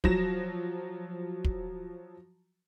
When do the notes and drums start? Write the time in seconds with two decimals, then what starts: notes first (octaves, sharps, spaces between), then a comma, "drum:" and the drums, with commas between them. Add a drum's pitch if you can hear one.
0.04 F3 F#3 A#6 E7, drum: kick
1.44 drum: kick